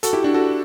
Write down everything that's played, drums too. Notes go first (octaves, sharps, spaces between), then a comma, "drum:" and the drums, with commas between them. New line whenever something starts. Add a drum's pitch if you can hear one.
F#4 A4, drum: hi-hat
E4 G4
D4 F#4
F#4 A4